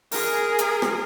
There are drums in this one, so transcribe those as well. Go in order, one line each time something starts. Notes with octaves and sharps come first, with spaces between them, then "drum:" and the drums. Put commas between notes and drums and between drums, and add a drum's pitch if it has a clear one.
G#4 A#4, drum: open hi-hat
drum: hi-hat
drum: rim click